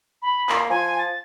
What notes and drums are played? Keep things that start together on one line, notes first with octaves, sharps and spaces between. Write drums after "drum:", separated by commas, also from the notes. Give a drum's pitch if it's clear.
B5
A#3, drum: clap
F3 G#5
A6